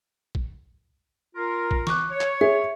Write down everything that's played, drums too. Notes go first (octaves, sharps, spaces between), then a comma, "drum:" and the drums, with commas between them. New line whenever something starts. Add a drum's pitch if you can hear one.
drum: kick
F4 A#4
drum: kick
C#6 D6 F#6, drum: snare E3
C#5
drum: clap
G#4 E5